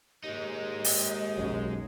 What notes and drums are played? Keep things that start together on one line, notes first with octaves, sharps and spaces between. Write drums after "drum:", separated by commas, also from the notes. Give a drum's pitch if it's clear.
D#2 G#3 D#4 D#5
drum: open hi-hat
B1 F#2 F#3